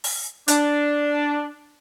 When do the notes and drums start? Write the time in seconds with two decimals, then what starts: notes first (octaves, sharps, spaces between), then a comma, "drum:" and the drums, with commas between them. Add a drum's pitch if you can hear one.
0.04 drum: open hi-hat
0.48 D4, drum: hi-hat